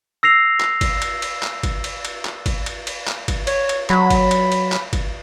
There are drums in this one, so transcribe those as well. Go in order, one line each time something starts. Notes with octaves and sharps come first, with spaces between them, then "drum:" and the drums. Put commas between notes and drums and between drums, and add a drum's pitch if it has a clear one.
E6 A#6 C7 F7
drum: clap
drum: kick G1, cymbal
drum: cymbal
drum: cymbal
drum: clap
drum: kick G1, cymbal
drum: cymbal
drum: cymbal
drum: clap
drum: kick G1, cymbal
drum: cymbal
drum: cymbal
drum: clap
drum: kick G1, cymbal
C#5, drum: cymbal
drum: cymbal
F#3 B5, drum: clap
drum: kick G1, cymbal
drum: cymbal
drum: cymbal
drum: clap
drum: kick G1, cymbal